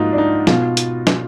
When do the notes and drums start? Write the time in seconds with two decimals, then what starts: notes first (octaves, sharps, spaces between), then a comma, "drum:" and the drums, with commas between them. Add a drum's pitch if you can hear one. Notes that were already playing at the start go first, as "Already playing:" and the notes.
Already playing: G#2 F3 A#3 D#4 F4 F#4
0.13 D4
0.18 D#4
0.47 B2 F4, drum: snare
0.77 drum: hi-hat
1.07 drum: snare